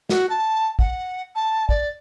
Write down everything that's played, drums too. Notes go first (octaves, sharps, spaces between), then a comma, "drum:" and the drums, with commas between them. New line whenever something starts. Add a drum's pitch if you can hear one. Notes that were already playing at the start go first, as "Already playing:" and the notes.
F#4, drum: snare
A5
F#5, drum: kick
A5
D5, drum: kick